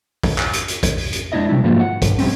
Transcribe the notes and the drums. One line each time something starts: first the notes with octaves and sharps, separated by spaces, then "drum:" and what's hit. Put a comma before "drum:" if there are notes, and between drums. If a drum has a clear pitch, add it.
drum: kick, open hi-hat
drum: clap
drum: hi-hat
drum: hi-hat
drum: kick, hi-hat
drum: open hi-hat
drum: hi-hat
G#3 A#3 D4 E4 D#5 E5
C3 G3 D4 E4
G#2 F3 F#3 A3 A#3 F4
F#5
G2, drum: kick, hi-hat
F#2 G#3 C4 C#4, drum: open hi-hat